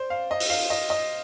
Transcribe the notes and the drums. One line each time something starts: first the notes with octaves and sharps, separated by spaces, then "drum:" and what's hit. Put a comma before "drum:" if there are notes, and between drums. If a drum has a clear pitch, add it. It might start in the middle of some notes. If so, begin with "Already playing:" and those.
Already playing: C5 D5
F5
D#5
drum: open hi-hat
F5
D#5
D#5